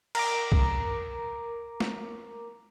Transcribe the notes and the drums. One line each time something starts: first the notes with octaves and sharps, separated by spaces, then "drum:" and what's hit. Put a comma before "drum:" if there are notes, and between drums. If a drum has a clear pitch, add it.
A#4 A#5 D6, drum: cymbal
drum: kick C2
drum: snare